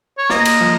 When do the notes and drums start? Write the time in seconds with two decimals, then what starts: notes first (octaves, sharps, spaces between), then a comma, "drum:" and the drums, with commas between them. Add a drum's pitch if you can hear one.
0.18 C#5
0.30 A#3 D#5, drum: snare
0.45 drum: cymbal
0.61 F3